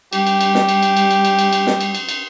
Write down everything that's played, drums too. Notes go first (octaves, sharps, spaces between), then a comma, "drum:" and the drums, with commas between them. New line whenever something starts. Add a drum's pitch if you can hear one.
G3 G4, drum: cymbal
drum: cymbal
drum: cymbal
drum: snare
drum: cymbal
drum: cymbal
drum: cymbal
drum: cymbal
drum: cymbal
drum: cymbal
drum: cymbal
drum: snare
drum: cymbal
drum: cymbal
drum: cymbal